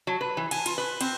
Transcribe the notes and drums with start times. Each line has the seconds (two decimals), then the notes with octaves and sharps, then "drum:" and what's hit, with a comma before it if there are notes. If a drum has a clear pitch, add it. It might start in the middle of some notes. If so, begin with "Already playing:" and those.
0.07 F#3
0.21 B4
0.37 E3
0.51 G#5, drum: cymbal
0.66 F4, drum: cymbal
0.78 B4
1.01 C4, drum: cymbal